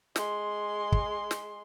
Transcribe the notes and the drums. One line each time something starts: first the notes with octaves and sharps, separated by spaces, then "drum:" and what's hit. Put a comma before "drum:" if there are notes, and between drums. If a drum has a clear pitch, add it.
G#3 C6, drum: snare
drum: kick
drum: snare